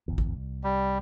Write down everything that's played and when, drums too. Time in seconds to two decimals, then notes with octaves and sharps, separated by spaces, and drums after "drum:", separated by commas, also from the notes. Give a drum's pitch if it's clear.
0.08 D1 G1 E2
0.18 drum: kick A1
0.35 C2
0.64 G3